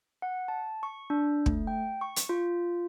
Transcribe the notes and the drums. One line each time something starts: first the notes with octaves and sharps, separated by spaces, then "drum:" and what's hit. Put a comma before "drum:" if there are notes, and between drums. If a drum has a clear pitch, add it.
F#5
A5
C#6
D4
A3, drum: kick
G5
C#6
drum: hi-hat
F4